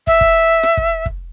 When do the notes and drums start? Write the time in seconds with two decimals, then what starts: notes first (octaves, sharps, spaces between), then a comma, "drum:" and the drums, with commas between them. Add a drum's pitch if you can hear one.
0.07 E5, drum: kick
0.21 drum: kick
0.63 drum: rim click
0.77 drum: kick
1.06 drum: kick